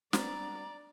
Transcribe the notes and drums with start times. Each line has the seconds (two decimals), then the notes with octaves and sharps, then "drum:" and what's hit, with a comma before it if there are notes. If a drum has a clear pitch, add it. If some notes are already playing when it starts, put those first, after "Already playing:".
0.13 G3 B3 C4 D4 D5 A#5, drum: snare